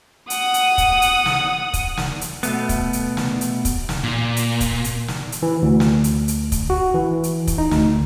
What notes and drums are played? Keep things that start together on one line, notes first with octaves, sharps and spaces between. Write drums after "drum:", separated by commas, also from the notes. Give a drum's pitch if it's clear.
F#5 D#6, drum: hi-hat
drum: hi-hat
drum: kick, hi-hat
drum: hi-hat
drum: snare
drum: kick, hi-hat
drum: snare
drum: hi-hat
B2 A3 B3, drum: hi-hat
drum: kick, hi-hat
drum: hi-hat
drum: snare
drum: hi-hat
drum: kick, hi-hat
drum: snare
A#2
drum: hi-hat
drum: kick, hi-hat
drum: hi-hat
drum: snare
drum: hi-hat
E3
D2
drum: snare
drum: hi-hat
drum: hi-hat
drum: kick, hi-hat
F#4
E3
drum: hi-hat
drum: kick, hi-hat
D#4
D2, drum: snare